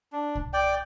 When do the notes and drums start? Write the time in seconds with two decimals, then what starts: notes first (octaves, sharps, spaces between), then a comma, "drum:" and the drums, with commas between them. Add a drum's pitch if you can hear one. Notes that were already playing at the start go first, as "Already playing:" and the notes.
0.12 D4
0.35 drum: kick C2
0.53 D5 G5